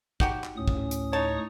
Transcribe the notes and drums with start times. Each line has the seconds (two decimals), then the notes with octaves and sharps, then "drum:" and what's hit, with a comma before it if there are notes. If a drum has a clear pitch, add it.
0.20 D#4 F#4 G4, drum: kick
0.44 drum: clap
0.57 D2 A2 C#4 D#6
0.68 drum: kick
0.91 drum: hi-hat
1.13 D#4 C#5 A5